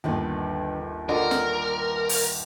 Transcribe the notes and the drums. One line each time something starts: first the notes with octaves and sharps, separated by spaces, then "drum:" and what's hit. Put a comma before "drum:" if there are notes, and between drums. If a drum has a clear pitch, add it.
G1 D#2 D3 D#3 B3
D3 F4 A#4 D#5
drum: snare
drum: open hi-hat